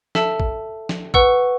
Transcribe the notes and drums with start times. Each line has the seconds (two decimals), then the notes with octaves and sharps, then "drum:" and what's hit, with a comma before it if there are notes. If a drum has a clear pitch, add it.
0.15 A4 E5 A5 E6, drum: snare
0.40 drum: kick
0.89 drum: snare
1.14 B4 F#5 C#6 E6, drum: kick